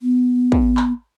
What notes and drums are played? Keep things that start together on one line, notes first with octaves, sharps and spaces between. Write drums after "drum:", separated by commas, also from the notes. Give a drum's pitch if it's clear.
B3
drum: kick
drum: clap